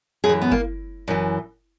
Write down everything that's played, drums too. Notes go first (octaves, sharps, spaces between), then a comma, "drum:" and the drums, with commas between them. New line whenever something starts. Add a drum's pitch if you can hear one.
F#2 G#4
E3
B3
A#3, drum: kick G1
F#2 E3